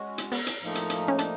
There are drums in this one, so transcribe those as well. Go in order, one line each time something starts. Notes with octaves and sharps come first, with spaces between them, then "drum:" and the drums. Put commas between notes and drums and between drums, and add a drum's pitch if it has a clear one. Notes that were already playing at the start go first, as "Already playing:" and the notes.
Already playing: G#3 C#4 F#4
drum: hi-hat
B3, drum: open hi-hat
drum: hi-hat
A2 F3 A#3 D#4
drum: hi-hat
drum: hi-hat
C#4
D4, drum: hi-hat